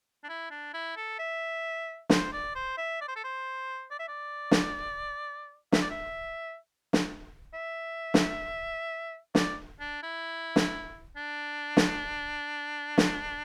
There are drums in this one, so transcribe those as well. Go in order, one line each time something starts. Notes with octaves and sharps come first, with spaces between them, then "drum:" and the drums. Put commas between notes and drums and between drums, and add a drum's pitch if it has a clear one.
D4
E4
D4
E4
A4
E5
C5, drum: snare
D5
C5
E5
D5
C5
A4
C5
D5
E5
D5
drum: snare
E5, drum: snare
D5
E5
drum: snare
E5
drum: snare
D5, drum: snare
D4
E4
drum: snare
D4
drum: snare
drum: snare